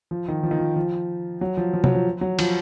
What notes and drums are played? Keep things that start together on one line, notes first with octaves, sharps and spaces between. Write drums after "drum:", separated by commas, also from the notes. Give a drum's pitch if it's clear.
F3
D#3
F3
D#3
F3
F3
F#3
F3
F3
F#3, drum: tom
F3
F#3
F3, drum: cymbal